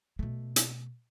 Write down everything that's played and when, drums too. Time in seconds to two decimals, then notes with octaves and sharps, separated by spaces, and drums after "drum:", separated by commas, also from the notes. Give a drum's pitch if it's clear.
0.19 B2 A3
0.56 drum: hi-hat